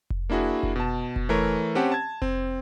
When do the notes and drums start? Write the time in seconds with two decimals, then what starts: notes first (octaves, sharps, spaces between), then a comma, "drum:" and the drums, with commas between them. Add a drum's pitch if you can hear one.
0.10 drum: kick F1
0.29 A#3 D4 E4 F#4 G#4
0.63 drum: kick F1
0.76 B2 A5
1.16 drum: kick F1
1.29 E3 A3 A#4 C#5
1.75 C4 C#4 G4 F#5 A5
1.92 A5 G#6
2.22 C4, drum: kick F1